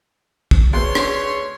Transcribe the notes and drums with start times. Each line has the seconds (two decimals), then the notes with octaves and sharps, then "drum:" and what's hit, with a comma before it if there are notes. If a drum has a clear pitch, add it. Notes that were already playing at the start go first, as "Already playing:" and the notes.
0.51 drum: kick
0.73 D2 G#4 B4 C#5 C6
0.95 drum: rim click